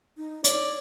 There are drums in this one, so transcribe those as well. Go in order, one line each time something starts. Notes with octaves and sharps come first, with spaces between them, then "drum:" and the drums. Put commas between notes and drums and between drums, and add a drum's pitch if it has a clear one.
D#4
C#5 D5, drum: hi-hat